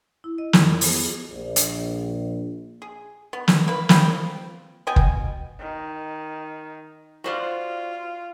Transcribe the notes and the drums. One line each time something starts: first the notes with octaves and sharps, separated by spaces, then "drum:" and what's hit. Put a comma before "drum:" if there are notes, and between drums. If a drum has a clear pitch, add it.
E4
D#5
F2, drum: snare
F4
B3, drum: open hi-hat
G#4
A#1
drum: hi-hat
G#4
B3
drum: snare
A#3 B4
C4 F4 G5 B5, drum: snare
B2 D#5 G5 G#5
drum: kick
D#3
F4 F#4 C5 D5